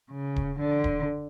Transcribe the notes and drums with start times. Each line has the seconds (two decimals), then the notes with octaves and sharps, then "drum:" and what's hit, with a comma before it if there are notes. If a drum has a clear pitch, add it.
0.13 C#3
0.36 drum: kick D#1
0.61 D3
0.84 drum: kick D#1